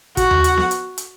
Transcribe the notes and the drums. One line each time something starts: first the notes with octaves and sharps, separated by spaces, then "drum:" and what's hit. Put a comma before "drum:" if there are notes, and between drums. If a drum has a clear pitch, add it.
F#4, drum: kick, hi-hat
drum: tom D#2
drum: hi-hat
drum: snare B3
drum: hi-hat
drum: hi-hat